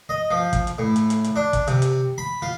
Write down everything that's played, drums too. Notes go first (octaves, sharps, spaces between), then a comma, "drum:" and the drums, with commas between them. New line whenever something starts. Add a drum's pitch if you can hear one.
D#5
F3
drum: kick, hi-hat
drum: hi-hat
A2
drum: hi-hat
drum: hi-hat
drum: hi-hat
D4
drum: kick, hi-hat
C3, drum: hi-hat
drum: hi-hat
B5
F4